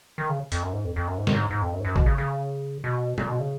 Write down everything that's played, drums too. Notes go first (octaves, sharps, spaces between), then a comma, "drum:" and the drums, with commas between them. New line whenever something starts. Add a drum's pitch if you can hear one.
D#3
C#3
F2, drum: hi-hat
F#2
G#2
F2
F2
F#2
G#2
F#2, drum: snare
G#2
G#2
F2
F#2
G#2
F#2
B2, drum: kick
C#3
C#3
B2
A#2, drum: tom A#2
B2
C#3